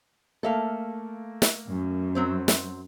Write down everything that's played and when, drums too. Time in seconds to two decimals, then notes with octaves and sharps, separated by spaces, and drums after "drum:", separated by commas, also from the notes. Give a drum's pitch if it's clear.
0.43 A3 A#3 A4 E5 F5
1.42 drum: snare
1.68 F#2
2.15 F#3 C4 C5
2.48 drum: snare